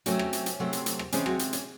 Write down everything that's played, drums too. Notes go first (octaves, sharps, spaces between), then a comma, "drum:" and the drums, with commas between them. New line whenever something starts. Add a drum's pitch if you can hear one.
C3 F#3 A3 C4 C#4, drum: hi-hat
drum: rim click
drum: hi-hat
drum: hi-hat
C3 F#3 A3 C4
drum: hi-hat
drum: hi-hat
drum: rim click
C3 E3 G#3 C4 C#4, drum: hi-hat
F#3 F#4, drum: rim click
drum: hi-hat
C#4, drum: hi-hat